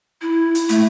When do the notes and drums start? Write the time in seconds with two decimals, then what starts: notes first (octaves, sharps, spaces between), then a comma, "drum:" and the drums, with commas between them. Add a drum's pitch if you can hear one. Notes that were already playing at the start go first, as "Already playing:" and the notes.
0.22 E4
0.55 drum: hi-hat
0.69 A3, drum: hi-hat